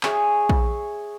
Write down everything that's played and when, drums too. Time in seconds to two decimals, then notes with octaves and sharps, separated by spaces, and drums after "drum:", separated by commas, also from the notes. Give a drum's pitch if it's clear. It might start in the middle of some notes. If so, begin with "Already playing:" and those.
0.03 G#4 C#5 E5, drum: clap
0.49 drum: kick